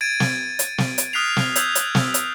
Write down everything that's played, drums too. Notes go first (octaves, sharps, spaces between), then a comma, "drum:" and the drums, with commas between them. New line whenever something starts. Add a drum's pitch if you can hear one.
G#6 A6 D7 D#7
drum: snare
drum: hi-hat
drum: snare
drum: hi-hat
D#6 F6 F#6 B6 C7 F7
drum: snare
E6 G6 G#6, drum: hi-hat
drum: hi-hat
drum: snare
drum: hi-hat